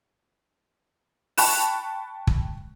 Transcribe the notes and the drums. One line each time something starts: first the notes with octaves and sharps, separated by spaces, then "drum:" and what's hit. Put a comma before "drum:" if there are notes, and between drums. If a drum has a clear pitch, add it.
G5 A5 B5 C#6 F#6 E7, drum: open hi-hat
drum: kick